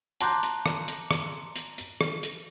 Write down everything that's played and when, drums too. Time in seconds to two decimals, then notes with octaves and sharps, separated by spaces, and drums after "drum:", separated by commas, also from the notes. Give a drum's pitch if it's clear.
0.21 A5 A#5 C6 D6 F#6 G6, drum: hi-hat
0.43 drum: hi-hat
0.66 drum: rim click
0.88 drum: hi-hat
1.11 drum: rim click
1.56 drum: hi-hat
1.78 drum: hi-hat
2.01 drum: rim click
2.23 drum: hi-hat